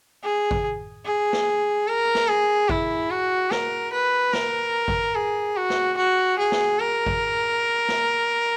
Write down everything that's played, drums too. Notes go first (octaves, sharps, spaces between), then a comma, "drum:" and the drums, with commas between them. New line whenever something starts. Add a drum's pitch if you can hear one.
G#4
drum: kick G#1
G#4
drum: snare
A#4
drum: snare
G#4
E4, drum: kick G#1
F#4
A#4, drum: snare
B4
A#4, drum: snare
drum: kick G#1
G#4
F#4
drum: snare
F#4
G#4
drum: snare
A#4
drum: kick G#1
drum: snare